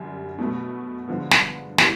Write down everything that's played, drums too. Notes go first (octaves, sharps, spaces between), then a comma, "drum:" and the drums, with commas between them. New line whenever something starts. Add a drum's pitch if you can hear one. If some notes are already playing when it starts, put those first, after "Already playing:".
Already playing: F#2 D3 G3
B2 F#3 A3
G2 D3 F3 G#3 B3
drum: snare
D#3 G#3 B3 E4 G4, drum: snare